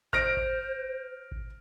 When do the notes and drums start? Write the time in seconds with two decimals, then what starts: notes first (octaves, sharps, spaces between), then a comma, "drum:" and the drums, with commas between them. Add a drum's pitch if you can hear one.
0.13 C5 F6 A#6 D7, drum: kick G#1
0.37 drum: kick G#1
1.32 drum: kick G#1